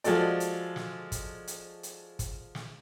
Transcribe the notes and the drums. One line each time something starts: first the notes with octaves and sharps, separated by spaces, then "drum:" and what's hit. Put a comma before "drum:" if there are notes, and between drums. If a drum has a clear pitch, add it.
F3 G#3 F#4 A4 D5, drum: hi-hat
drum: hi-hat
drum: snare
drum: kick, hi-hat
drum: hi-hat
drum: hi-hat
drum: kick, hi-hat
drum: snare